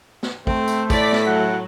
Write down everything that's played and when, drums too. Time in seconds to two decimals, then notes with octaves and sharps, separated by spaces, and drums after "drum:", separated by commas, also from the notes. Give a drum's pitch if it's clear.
0.23 drum: snare
0.47 A3 C4 C5, drum: kick
0.68 drum: tambourine
0.90 A2 D5 B6, drum: kick, tambourine
1.12 drum: snare
1.26 F#3 F#5